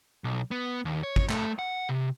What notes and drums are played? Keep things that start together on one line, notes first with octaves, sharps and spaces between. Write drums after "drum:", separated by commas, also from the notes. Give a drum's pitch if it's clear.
B1
B3
D#2
C#5
drum: kick
A3, drum: clap
F#5
C3